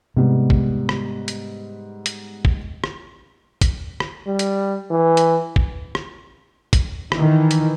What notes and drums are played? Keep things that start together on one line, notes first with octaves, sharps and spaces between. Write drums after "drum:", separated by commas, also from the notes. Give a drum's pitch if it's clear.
G#2 C3 G3 B3
drum: kick
drum: rim click
drum: hi-hat
drum: hi-hat
drum: kick
drum: rim click
drum: kick, hi-hat
drum: rim click
G3
drum: hi-hat
E3
drum: hi-hat
drum: kick
drum: rim click
drum: kick, hi-hat
D#3 E3, drum: rim click
drum: hi-hat